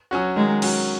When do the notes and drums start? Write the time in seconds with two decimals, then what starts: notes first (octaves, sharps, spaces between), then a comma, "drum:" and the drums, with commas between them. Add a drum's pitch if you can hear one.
0.11 F#3 C#4 F#4
0.36 D#3 G#3
0.62 F#3 C#4 F#4, drum: cymbal